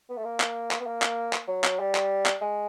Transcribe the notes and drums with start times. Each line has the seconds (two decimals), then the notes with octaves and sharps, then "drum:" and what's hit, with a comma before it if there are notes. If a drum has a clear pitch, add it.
0.09 B3
0.17 A3
0.25 A#3
0.40 drum: clap
0.71 drum: clap
0.80 B3
0.86 A#3
1.02 drum: clap
1.33 drum: clap
1.48 F#3
1.64 drum: clap
1.79 G3
1.95 drum: clap
2.26 drum: clap
2.41 G#3